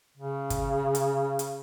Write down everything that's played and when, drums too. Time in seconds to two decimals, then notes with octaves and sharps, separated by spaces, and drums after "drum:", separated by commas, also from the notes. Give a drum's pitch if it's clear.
0.17 C#3
0.50 drum: kick, hi-hat
0.95 drum: hi-hat
1.39 drum: hi-hat